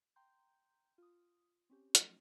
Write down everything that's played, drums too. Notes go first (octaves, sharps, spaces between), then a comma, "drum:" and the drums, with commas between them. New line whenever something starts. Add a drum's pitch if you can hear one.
G5 A#5 C6 G6
F4 D#6
C4 C#4 G4
F3 F#3 A3 C#4 D#4 F#4, drum: hi-hat